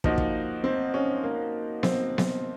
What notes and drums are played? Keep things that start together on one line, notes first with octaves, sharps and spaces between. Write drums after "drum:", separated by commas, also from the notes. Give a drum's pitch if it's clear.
F3 A#3 D#4 F#4, drum: kick
drum: kick
C4
C#4
A#3
C4, drum: snare B3
drum: snare B3